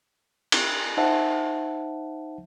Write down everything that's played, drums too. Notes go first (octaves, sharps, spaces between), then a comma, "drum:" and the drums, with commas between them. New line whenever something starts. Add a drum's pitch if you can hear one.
drum: cymbal
D#4 C5 E5 F#5 A5